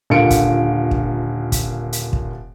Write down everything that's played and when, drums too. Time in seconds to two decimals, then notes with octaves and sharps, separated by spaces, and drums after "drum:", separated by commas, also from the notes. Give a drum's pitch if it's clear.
0.10 D#1 D3 F4 A#4 C#7 D7
0.30 drum: kick, hi-hat
0.91 drum: kick
1.52 drum: kick, hi-hat
1.93 drum: hi-hat
2.13 drum: kick